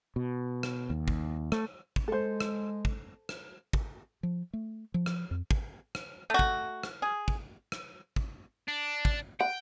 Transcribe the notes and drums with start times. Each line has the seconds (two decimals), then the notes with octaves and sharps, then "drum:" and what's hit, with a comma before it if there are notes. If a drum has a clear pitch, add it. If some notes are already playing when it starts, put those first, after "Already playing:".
0.16 B2
0.63 drum: rim click
0.90 D#2
1.08 drum: kick
1.52 A3, drum: rim click
1.96 drum: kick
2.08 G#3 A4 C5
2.41 drum: rim click
2.85 drum: kick
3.29 drum: rim click
3.73 drum: kick
4.23 F3
4.53 A3
4.94 F3
5.06 drum: rim click
5.31 F2
5.51 drum: kick
5.95 drum: rim click
6.30 A3 F#4
6.39 drum: kick
6.83 drum: rim click
7.02 G#4
7.28 drum: kick
7.72 drum: rim click
8.16 drum: kick
8.68 D4
9.05 drum: kick
9.40 F#5 G5